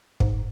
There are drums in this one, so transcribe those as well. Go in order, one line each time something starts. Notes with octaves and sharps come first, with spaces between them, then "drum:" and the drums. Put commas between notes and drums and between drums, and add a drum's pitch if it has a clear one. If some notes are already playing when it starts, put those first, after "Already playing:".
G#2, drum: kick